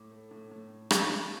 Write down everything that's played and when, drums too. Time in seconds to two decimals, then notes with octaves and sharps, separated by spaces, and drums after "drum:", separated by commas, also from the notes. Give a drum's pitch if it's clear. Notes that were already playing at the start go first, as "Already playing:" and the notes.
Already playing: A2 D6
0.11 A3
0.31 A2
0.51 A2
0.91 drum: rim click